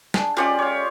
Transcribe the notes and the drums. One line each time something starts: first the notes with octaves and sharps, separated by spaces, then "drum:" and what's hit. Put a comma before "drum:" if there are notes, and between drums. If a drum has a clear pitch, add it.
D4 G#4, drum: snare
G#3 C#4 F4 G4 D5 D#5
C#5 F5